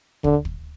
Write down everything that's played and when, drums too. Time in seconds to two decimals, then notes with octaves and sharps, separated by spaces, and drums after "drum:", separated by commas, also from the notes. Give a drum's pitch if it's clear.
0.24 D3, drum: kick
0.45 drum: kick